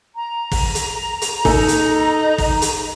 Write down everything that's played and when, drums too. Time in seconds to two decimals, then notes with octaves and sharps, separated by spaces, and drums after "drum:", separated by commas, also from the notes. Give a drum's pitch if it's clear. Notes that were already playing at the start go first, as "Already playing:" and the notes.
0.15 A#5
0.52 drum: kick, open hi-hat
0.75 drum: hi-hat
1.22 drum: hi-hat
1.45 D#4 A4 G#5, drum: kick, open hi-hat
1.68 drum: hi-hat
2.38 drum: kick, open hi-hat
2.62 drum: hi-hat